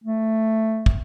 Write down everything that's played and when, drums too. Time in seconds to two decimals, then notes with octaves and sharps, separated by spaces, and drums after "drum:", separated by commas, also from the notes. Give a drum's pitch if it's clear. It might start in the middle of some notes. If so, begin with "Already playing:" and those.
0.04 A3
0.86 drum: kick